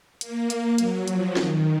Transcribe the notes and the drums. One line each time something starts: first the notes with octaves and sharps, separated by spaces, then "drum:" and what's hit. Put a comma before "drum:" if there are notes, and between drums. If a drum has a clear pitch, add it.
A#3, drum: hi-hat
drum: hi-hat
F#3, drum: hi-hat
F3, drum: hi-hat
D#3, drum: snare